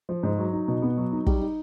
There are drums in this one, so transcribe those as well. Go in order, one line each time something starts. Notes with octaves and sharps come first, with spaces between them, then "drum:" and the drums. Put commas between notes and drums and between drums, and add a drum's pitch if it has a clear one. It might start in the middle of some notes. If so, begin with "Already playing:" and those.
F3
G#2
F#3
D#4
B2
B3
F#3
D#4
G3, drum: kick
D#4